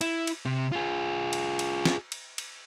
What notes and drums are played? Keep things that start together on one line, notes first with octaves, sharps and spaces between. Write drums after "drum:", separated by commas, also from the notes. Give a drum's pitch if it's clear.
E4, drum: cymbal
drum: cymbal
C3
F4 G#4
drum: cymbal
drum: cymbal
drum: snare
drum: cymbal
drum: cymbal